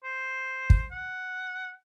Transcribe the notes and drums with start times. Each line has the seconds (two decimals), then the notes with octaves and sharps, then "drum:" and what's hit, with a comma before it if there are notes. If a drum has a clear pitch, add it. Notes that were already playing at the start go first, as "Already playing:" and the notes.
0.04 C5
0.70 drum: kick
0.91 F#5